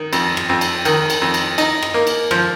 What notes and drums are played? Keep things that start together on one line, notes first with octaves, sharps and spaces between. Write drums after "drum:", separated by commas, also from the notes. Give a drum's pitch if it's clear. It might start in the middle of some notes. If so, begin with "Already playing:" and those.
Already playing: D#3
F2, drum: cymbal
drum: rim click
F2
drum: cymbal
D#3, drum: cymbal
drum: cymbal
F2
drum: cymbal
D#4, drum: cymbal
drum: rim click
A#3
drum: cymbal
F3, drum: rim click